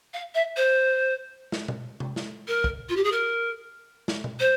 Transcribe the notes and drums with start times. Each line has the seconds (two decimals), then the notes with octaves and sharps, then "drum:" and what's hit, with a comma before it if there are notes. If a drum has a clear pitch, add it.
0.14 F5
0.35 E5
0.57 C5
1.52 drum: snare
1.68 drum: tom
2.00 drum: tom C3
2.16 drum: snare
2.48 A#4
2.64 drum: kick
2.89 F4
2.96 G4
3.04 G#4
3.12 A#4
4.08 drum: snare
4.24 drum: tom
4.40 C5